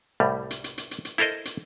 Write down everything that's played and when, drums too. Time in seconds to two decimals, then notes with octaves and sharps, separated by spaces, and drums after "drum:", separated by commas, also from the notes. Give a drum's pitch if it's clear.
0.20 C2 A2 G3
0.51 drum: hi-hat
0.64 drum: hi-hat
0.78 drum: hi-hat
0.91 drum: hi-hat
1.05 drum: hi-hat
1.18 E4 A4 A#4 C5 D#5, drum: hi-hat
1.45 drum: hi-hat